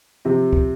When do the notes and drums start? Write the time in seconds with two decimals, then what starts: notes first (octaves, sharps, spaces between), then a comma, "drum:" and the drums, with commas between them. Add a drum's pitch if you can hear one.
0.25 C3 F3 C4
0.53 drum: kick